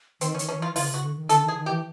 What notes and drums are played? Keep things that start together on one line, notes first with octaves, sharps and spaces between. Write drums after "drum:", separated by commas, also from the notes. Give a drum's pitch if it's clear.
D#3 C4, drum: hi-hat
C#4
D#3, drum: hi-hat
C#4
E3 F4
C#3 F4, drum: open hi-hat
C#3 F#4
D3
D#3
D3 A4, drum: hi-hat
D#3 G#4
D#3
G4
E3